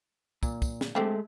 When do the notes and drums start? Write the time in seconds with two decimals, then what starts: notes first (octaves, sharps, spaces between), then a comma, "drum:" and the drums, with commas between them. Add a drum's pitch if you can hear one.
0.43 A#2, drum: kick, tambourine
0.62 drum: kick, tambourine
0.81 drum: snare
0.95 D3 G#3 A3 C4 G4